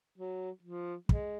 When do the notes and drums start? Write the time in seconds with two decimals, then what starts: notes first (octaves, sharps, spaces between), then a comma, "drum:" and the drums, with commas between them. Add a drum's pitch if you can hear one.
0.18 F#3
0.63 F3
1.09 G#3, drum: kick